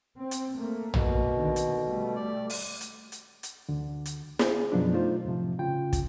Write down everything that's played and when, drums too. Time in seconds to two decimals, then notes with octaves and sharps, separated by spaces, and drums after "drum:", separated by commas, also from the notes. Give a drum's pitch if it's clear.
0.16 C4
0.31 drum: hi-hat
0.54 A3 A#3
0.94 B2, drum: tom
1.34 D3 D#3
1.56 drum: hi-hat
1.85 G3 A3
2.15 D5
2.50 drum: open hi-hat
2.81 drum: hi-hat
3.12 drum: hi-hat
3.43 drum: hi-hat
3.69 D2 D3
4.06 drum: hi-hat
4.39 G#4, drum: snare
4.72 F#2 B2 F3 F#3 D4
4.93 A3 D#4 F4 C5
5.25 F2 A2 C3 F3
5.59 C#3 F4 G5
5.93 drum: kick, hi-hat